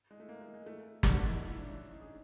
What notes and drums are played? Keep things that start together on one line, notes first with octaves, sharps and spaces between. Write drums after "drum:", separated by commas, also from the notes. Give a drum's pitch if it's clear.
G#3
A3
A#3
G#3
G#3
A3
A#3, drum: snare
D#4
E4
F4
E4
D4
C#4
D4
D#4
G#4